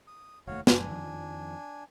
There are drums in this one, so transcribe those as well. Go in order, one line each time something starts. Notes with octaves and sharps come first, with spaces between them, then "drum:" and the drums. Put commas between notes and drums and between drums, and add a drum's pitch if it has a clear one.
D#6
F1 D#2 A3 F#4 C#5 F5
F#1 F#2 D4 G#5, drum: snare
F2 D#3 F3